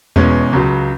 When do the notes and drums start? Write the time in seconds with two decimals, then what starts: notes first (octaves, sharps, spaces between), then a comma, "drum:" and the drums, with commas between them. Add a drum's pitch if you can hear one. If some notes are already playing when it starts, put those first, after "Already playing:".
0.16 E1 E2 B2 G#3 C#4, drum: tom E2
0.53 C#2 C#3 F#3